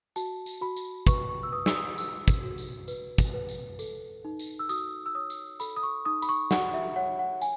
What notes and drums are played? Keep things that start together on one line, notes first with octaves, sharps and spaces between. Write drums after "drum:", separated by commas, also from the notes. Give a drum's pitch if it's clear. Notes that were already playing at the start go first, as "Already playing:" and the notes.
F#4 A5, drum: tambourine
drum: tambourine
F#4 B5
drum: tambourine
B4 C#6, drum: kick, tambourine
C#6
E6
B4 D#6
E6, drum: snare
D#6
F#4 E6, drum: tambourine
drum: kick, tambourine
F#4
drum: tambourine
B4, drum: tambourine
drum: kick, tambourine
B4
drum: tambourine
A4, drum: tambourine
D#4
drum: tambourine
E6
F#4 D#6, drum: tambourine
E6
C#5 D#6
drum: tambourine
A4 B5, drum: tambourine
D#6
C#6
D#4 D#6
B5, drum: tambourine
C#6
F#4 F#5, drum: snare
E5
C#5 F#5
F#5
G#5, drum: tambourine